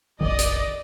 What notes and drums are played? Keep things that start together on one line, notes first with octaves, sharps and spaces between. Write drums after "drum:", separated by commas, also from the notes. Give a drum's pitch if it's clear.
F1 A#1 D#3 D5 D#5
drum: hi-hat